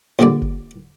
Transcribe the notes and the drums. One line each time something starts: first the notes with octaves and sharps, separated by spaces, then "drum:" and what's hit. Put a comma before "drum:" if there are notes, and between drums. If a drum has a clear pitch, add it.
A#1 A#2 D3 G3 D5
drum: kick